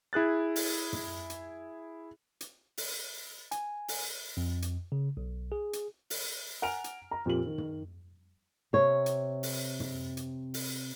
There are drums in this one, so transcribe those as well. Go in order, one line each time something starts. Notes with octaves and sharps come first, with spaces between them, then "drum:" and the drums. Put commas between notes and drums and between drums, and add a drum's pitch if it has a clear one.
E4 G#4 F#6 A6
drum: open hi-hat
drum: tom
drum: hi-hat
drum: hi-hat
drum: open hi-hat
G#5, drum: hi-hat
drum: open hi-hat
F2
drum: hi-hat
C#3
B1
G#4
drum: hi-hat
drum: open hi-hat
F#5 G#5 A#5 F6 D7 F7
drum: hi-hat
A#5
F2 A#2 G4 F#7
D#3
drum: tom
C3 C#5
drum: hi-hat
drum: open hi-hat
drum: tom
drum: hi-hat
drum: open hi-hat